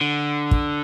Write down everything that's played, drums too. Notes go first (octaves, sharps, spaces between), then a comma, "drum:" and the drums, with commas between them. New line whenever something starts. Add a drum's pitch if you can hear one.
D3
drum: kick